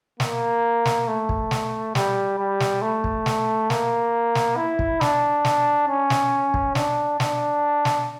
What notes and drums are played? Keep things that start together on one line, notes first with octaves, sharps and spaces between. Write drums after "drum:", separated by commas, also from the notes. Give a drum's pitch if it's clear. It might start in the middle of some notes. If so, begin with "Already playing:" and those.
A#3, drum: snare
drum: snare
A3
drum: kick
drum: snare
G3, drum: snare
G3
drum: snare
A3
drum: kick
drum: snare
A#3, drum: snare
drum: snare
E4
drum: kick
D4, drum: snare
drum: snare
C#4
drum: snare
drum: kick
D4, drum: snare
D4, drum: snare
drum: snare